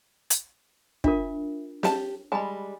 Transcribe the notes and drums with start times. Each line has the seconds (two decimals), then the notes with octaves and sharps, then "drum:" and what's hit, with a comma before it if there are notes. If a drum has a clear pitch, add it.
0.30 drum: hi-hat
1.04 D4 F4 A#4 E5, drum: kick
1.83 G4 A5, drum: snare
2.32 G3 G#3 G#5 A5 B5